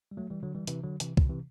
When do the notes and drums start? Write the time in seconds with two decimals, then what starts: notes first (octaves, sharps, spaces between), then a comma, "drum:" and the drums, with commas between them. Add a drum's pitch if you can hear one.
0.11 G3
0.17 F#3 A3
0.30 E3 G3
0.43 D3 F#3
0.55 E3 G3
0.67 C3 E3, drum: hi-hat
0.83 D3 F#3
1.00 C3 E3, drum: hi-hat
1.17 B2 D3, drum: kick C2
1.30 C3 E3